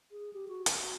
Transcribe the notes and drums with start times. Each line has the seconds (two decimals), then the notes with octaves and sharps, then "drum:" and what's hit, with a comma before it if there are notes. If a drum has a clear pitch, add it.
0.11 G#4
0.33 G4
0.48 F#4
0.66 drum: hi-hat
0.77 F#4